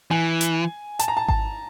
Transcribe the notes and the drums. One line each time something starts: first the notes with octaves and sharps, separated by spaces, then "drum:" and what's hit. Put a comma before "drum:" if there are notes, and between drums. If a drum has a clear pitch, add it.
E3 G#5
drum: hi-hat
A5, drum: hi-hat
A#5
A5
A5, drum: kick G#1